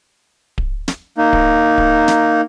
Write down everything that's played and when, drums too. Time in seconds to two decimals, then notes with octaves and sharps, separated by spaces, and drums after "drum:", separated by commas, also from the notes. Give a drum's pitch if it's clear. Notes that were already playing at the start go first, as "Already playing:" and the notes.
0.58 drum: kick D1
0.88 drum: snare
1.18 A#3 D#4
1.33 drum: kick D1
1.78 drum: kick D1
2.08 drum: snare